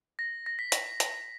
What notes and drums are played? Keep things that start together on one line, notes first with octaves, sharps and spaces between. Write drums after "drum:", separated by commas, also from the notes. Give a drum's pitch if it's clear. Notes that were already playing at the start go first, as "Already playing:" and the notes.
A#6
A#6
B6
A#6, drum: hi-hat
drum: hi-hat